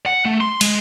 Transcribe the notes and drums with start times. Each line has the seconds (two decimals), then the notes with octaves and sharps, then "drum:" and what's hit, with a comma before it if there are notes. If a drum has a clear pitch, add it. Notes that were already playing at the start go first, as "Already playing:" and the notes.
0.06 F#5
0.25 A3
0.41 C6
0.61 G#3, drum: cymbal